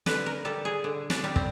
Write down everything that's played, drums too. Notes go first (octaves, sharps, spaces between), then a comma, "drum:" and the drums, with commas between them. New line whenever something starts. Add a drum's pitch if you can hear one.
D3 B4, drum: snare
A#4
G3 A4
G#4
D3
D4, drum: snare
G3
C4, drum: kick